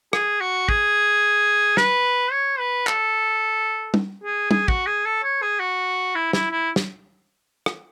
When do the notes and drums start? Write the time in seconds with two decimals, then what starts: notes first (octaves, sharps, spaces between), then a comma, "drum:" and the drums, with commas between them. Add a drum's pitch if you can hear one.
0.13 G#4, drum: rim click
0.41 F#4
0.69 G#4, drum: kick
1.77 B4, drum: snare
2.32 C#5
2.59 B4
2.87 A4, drum: clap
3.94 drum: tom
4.24 G#4
4.51 G#4, drum: tom
4.68 F#4, drum: kick
4.87 G#4
5.05 A4
5.23 C#5
5.42 G#4
5.59 F#4
6.15 E4
6.33 E4, drum: snare
6.51 E4
6.76 drum: snare
7.66 drum: rim click